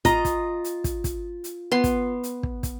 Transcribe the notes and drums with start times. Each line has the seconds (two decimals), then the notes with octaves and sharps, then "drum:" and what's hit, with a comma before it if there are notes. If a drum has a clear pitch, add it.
0.05 F4 D#5 A#5, drum: kick, hi-hat
0.25 drum: kick, hi-hat
0.64 drum: hi-hat
0.84 drum: kick, hi-hat
1.04 drum: kick, hi-hat
1.44 drum: hi-hat
1.72 B3 C6
1.84 drum: kick, hi-hat
2.23 drum: hi-hat
2.43 drum: kick
2.63 drum: kick, hi-hat